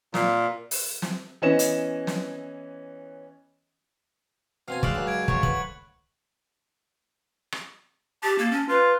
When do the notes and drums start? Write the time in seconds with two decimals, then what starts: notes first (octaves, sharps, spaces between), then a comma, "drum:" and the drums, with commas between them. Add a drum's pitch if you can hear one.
0.14 A#2, drum: snare
0.71 drum: open hi-hat
1.02 drum: snare
1.42 E3 B3 C#4 D#5 E7
1.59 drum: hi-hat
2.07 drum: snare
4.68 B2 C4 F5 G#5
4.83 G#3 D5 E5 F5 B5 C#6 F#6, drum: kick
4.94 C#2 F#2 C#3 A4
5.07 G#6 D7
5.28 C3 F#3 A3 C#6, drum: kick
5.43 B4 F#7, drum: kick
7.52 drum: rim click
8.23 G4 A5
8.38 A#3
8.51 C#4
8.69 F4 B4